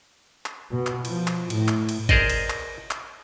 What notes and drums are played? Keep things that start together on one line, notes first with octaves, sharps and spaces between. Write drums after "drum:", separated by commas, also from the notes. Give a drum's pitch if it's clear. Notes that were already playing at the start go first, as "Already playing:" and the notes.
drum: clap
B2
drum: clap
F3, drum: cymbal
drum: clap
A2, drum: cymbal
drum: clap
drum: cymbal
G#4 A#4 C5 D5 D#5, drum: kick G#1, cymbal
drum: cymbal
drum: clap
drum: clap